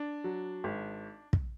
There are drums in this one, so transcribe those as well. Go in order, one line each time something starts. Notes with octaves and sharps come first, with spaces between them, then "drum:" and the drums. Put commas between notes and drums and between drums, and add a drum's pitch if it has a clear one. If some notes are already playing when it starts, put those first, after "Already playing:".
Already playing: D4
F#3
G#1
drum: kick